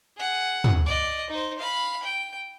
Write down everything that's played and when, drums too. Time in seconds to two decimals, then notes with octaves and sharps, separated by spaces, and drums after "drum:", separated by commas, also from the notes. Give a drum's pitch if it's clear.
0.17 G#4 F#5
0.64 drum: tom
0.86 D5 D#5
1.30 D#4 C5
1.59 F5 B5
2.03 G5